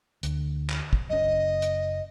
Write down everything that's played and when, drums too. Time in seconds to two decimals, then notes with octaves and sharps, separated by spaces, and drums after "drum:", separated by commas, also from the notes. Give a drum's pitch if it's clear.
0.23 D2, drum: hi-hat
0.70 drum: clap
0.93 drum: kick
1.10 F#1 C#4 D#5
1.62 drum: hi-hat